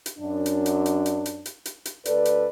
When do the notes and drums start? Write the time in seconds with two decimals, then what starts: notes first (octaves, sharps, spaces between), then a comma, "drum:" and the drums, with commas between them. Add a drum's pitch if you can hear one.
0.06 drum: hi-hat
0.19 F#2 D4
0.46 drum: hi-hat
0.66 drum: hi-hat
0.86 drum: hi-hat
1.06 drum: hi-hat
1.26 drum: hi-hat
1.46 drum: hi-hat
1.65 drum: hi-hat
1.85 drum: hi-hat
2.05 D2 A4 B4 D5, drum: hi-hat
2.25 drum: hi-hat